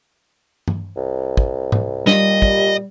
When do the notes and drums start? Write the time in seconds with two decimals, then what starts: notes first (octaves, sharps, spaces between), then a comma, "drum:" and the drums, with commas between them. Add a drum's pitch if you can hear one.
0.68 drum: tom G2
0.97 C2
1.37 drum: kick
1.72 drum: tom G#2
2.07 A#2 G3 D#5, drum: snare
2.42 drum: kick